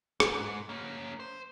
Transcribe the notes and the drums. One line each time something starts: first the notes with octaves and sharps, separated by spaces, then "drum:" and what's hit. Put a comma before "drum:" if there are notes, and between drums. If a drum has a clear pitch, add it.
D2 G#2, drum: rim click
A#3 C#4
C5